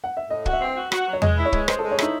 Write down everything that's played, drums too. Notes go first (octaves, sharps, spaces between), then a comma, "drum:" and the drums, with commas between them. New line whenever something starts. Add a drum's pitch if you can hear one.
F#5
E5
A2 D#5
F#4 F#5, drum: kick
E5
C4
F#4
F#4, drum: rim click
F#3
C#5
G#3 D#5, drum: tom E2
E4
C#5
G#3, drum: kick
G#3 C5, drum: rim click
G#3 A4
C#5
D#4 E4, drum: rim click